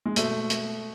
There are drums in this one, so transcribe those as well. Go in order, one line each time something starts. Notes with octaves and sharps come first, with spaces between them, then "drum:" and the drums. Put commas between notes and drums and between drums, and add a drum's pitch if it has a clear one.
G#3
B2 A3, drum: hi-hat
drum: hi-hat